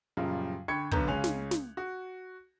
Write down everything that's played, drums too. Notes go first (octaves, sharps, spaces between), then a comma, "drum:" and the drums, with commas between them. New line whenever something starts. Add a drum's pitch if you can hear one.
F#2 A#2 C#3 F3 G3
D3 G5 B5 C#6 G#6 C#7
B1 D3 B3 A#5 G6, drum: kick
C#2 C#3 C#4 G#5 F#6 F7
drum: snare
drum: snare
F#4